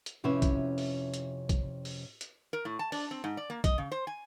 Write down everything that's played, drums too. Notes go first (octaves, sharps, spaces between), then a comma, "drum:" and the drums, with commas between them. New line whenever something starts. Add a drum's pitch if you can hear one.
drum: hi-hat
F2 C3 C#4 E4 B4 E5
drum: kick, hi-hat
drum: open hi-hat
drum: hi-hat
drum: kick, hi-hat
drum: open hi-hat
drum: hi-hat
A#4
A2
A5
D4, drum: open hi-hat
C4
G#2
D5
A#3
D#5, drum: kick, hi-hat
C#3
C5
G#5